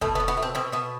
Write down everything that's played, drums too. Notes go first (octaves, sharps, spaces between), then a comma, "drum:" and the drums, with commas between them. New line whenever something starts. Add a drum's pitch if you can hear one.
B2 A3, drum: kick
B3
B2
B3
A3
C4
B2 C4
B2 B3